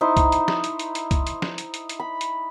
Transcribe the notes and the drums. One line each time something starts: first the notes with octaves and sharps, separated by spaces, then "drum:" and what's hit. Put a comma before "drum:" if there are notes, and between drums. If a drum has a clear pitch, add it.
D#4 E4 C5
drum: kick C2, hi-hat
drum: hi-hat
drum: snare
drum: hi-hat
drum: hi-hat
drum: hi-hat
drum: kick C2, hi-hat
drum: hi-hat
drum: snare
drum: hi-hat
drum: hi-hat
drum: hi-hat
B5
drum: hi-hat